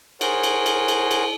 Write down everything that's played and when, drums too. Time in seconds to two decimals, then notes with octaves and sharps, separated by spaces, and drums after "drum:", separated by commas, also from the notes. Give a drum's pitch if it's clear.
0.21 G#4 A#4 C5 C#5 F#5, drum: cymbal
0.43 drum: cymbal
0.66 drum: cymbal
0.88 drum: cymbal
1.11 drum: cymbal